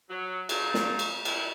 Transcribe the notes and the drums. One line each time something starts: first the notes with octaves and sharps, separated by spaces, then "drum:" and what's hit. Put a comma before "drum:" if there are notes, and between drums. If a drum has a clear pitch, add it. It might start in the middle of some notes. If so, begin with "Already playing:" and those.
F#3
F#3 A3 D4 D#4 F4 G#4, drum: cymbal
drum: snare
drum: cymbal
F#2 A2 F#3 G3 E4, drum: cymbal